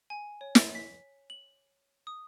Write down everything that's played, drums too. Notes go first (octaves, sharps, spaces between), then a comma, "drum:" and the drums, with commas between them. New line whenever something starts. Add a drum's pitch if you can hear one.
G#5
C#5
drum: snare
B6
F#7
D#6